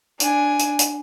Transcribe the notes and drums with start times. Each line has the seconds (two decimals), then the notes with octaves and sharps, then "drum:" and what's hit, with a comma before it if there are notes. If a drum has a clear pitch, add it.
0.20 D4 G#5, drum: hi-hat
0.59 drum: hi-hat
0.79 drum: hi-hat